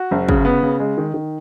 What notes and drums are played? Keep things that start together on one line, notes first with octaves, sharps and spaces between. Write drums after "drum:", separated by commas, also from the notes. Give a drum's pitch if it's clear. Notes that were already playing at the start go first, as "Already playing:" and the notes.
Already playing: F#4
F#1
C#3, drum: kick
B3
C#3
G#3
D#3
D#3